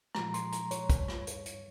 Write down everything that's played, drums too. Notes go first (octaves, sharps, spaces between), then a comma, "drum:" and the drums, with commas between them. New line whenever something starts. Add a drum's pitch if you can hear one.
A#2 F3 G#3 A#5, drum: rim click
C6, drum: hi-hat
A#5, drum: hi-hat
C#5, drum: hi-hat
G2 G3, drum: kick, hi-hat
drum: rim click
drum: hi-hat
drum: hi-hat